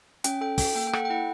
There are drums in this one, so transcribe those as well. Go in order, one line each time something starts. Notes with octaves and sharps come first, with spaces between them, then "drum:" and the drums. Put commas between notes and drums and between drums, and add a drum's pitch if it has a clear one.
C#4 G5, drum: hi-hat
A4 G5
A4 G5, drum: kick, open hi-hat
A#3 G5
G5
A4 F#5, drum: rim click
G5
E4 F#5